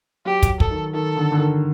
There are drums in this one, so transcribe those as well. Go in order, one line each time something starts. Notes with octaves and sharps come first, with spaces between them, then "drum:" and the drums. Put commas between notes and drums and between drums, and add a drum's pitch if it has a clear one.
F#3 G4
drum: kick, hi-hat
A4, drum: kick
D#3
D#3 A4
D3
D3
D#3